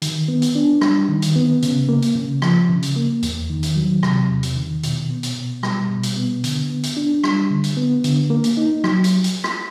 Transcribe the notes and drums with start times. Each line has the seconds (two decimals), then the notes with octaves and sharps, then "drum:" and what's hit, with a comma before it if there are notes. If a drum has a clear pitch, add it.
0.02 D#3, drum: hi-hat
0.28 B3
0.42 drum: hi-hat
0.55 D4
0.81 G3, drum: rim click
1.08 D#3
1.22 drum: hi-hat
1.36 B3
1.62 C#3, drum: hi-hat
1.89 A#3
2.02 drum: hi-hat
2.15 C#3
2.42 F3, drum: rim click
2.69 C#3
2.82 drum: hi-hat
2.96 A#3
3.23 E2, drum: hi-hat
3.50 D#3
3.63 drum: hi-hat
3.76 F#3
4.03 C3, drum: rim click
4.30 E2
4.43 drum: hi-hat
4.56 D#3
4.83 B2, drum: hi-hat
5.10 B3
5.23 drum: hi-hat
5.36 B2
5.63 G3, drum: rim click
5.90 B2
6.03 drum: hi-hat
6.17 B3
6.44 D3, drum: hi-hat
6.70 B3
6.83 drum: hi-hat
6.97 D4
7.24 G3, drum: rim click
7.50 D3
7.64 drum: hi-hat
7.77 B3
8.04 D3, drum: hi-hat
8.30 A#3
8.44 drum: hi-hat
8.57 D#4
8.84 F#3, drum: rim click
9.04 drum: hi-hat
9.24 drum: hi-hat
9.44 drum: rim click